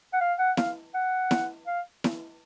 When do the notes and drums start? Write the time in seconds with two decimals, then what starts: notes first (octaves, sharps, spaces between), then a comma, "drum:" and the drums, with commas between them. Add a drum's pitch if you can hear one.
0.13 F#5
0.21 F5
0.39 F#5
0.57 F5, drum: snare E4
0.94 F#5
1.31 drum: snare E4
1.67 F5
2.04 drum: snare E4